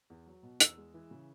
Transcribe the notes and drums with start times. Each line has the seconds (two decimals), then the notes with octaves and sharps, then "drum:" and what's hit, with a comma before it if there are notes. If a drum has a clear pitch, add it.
0.10 E2
0.26 F#3
0.43 B2
0.60 E2 E6, drum: hi-hat
0.78 G#3
0.94 E3
1.11 C#3